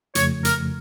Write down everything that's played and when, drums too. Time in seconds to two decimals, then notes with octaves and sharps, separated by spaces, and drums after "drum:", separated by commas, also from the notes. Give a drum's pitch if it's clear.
0.15 F2 C#3 F3 A3 C#5, drum: hi-hat
0.45 A#4, drum: hi-hat